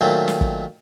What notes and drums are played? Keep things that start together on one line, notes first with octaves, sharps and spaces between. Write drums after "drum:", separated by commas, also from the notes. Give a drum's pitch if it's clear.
A#2 D#3 F#3 A3 C4
drum: snare
drum: kick